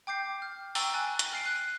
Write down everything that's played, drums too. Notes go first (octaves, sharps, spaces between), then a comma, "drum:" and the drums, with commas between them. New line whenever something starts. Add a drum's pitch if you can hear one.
G5 D6 G6 C7
F6
G5 A#5 C#6 E6 A6, drum: open hi-hat
G#5 F#6 A6
drum: hi-hat
F6 C7 D7
F#6 C7 D#7